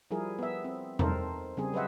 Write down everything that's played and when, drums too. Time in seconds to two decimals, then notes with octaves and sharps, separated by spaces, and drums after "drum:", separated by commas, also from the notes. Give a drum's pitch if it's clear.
0.11 F3 G3 E4 G#4 A#4
0.39 B3 E5
0.64 C4
0.99 C4 D#4 A4 A#4 C5, drum: tom E2
1.57 C#3 G3 C4 G#4
1.73 F#3 B4 C5 D#5 E5 F#5